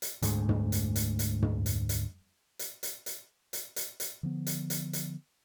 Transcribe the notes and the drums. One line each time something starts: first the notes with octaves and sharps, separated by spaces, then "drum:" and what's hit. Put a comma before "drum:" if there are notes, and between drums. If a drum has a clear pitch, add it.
drum: hi-hat
D2 G#2 G#3 A3, drum: hi-hat
drum: tom
drum: hi-hat
drum: hi-hat
drum: hi-hat
drum: tom
drum: hi-hat
drum: hi-hat
drum: hi-hat
drum: hi-hat
drum: hi-hat
drum: hi-hat
drum: hi-hat
drum: hi-hat
D3 F3 B3
drum: hi-hat
drum: hi-hat
drum: hi-hat